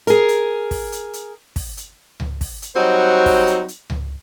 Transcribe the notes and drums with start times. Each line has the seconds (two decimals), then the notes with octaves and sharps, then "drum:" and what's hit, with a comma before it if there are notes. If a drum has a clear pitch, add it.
0.07 G#4 A#4, drum: hi-hat
0.28 drum: hi-hat
0.71 drum: kick, open hi-hat
0.92 drum: hi-hat
1.13 drum: hi-hat
1.56 drum: kick, open hi-hat
1.77 drum: hi-hat
2.20 drum: tom C#2
2.41 drum: kick, open hi-hat
2.62 drum: hi-hat
2.76 F#3 G3 C4 D#4 F#4 C5
3.26 drum: kick, open hi-hat
3.47 drum: hi-hat
3.68 drum: hi-hat
3.90 drum: tom C#2